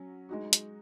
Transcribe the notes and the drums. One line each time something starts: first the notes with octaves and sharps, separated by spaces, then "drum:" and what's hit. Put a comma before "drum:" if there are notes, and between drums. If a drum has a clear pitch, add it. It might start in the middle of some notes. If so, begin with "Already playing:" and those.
Already playing: F#3 C#4
G#3 D#4 F#4
drum: hi-hat